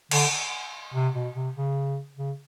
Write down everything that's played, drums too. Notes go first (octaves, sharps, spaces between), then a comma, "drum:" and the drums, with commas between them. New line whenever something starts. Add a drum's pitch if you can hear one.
D3, drum: cymbal
C3
B2
C3
C#3
C#3